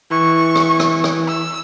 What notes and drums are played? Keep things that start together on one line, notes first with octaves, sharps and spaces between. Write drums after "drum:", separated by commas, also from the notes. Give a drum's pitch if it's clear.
E3 C#6
drum: rim click
drum: rim click
drum: rim click
E6